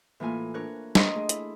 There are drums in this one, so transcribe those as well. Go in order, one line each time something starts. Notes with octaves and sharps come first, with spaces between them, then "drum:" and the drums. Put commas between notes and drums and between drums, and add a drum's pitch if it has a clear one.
A2 E3 A#3 F4 G#5 F6
D4 A#4 C#5 F#6
D#5 A#5 C6, drum: snare
A3 D4 G#4
E4, drum: hi-hat